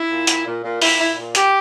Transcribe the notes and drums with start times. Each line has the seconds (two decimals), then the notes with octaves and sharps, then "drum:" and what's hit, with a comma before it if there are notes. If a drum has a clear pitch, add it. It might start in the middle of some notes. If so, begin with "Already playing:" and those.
Already playing: E4
0.10 A#2
0.27 A#2, drum: hi-hat
0.46 A#2
0.63 A#2
0.82 A#2 E4, drum: open hi-hat
0.99 A#2 E4
1.17 A#2
1.35 A#2 G4, drum: hi-hat